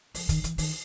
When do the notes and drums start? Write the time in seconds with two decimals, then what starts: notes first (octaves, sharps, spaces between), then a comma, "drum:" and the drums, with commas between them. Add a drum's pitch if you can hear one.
0.15 F3, drum: open hi-hat
0.29 D#3, drum: kick, hi-hat
0.44 E3, drum: hi-hat
0.58 D#3, drum: open hi-hat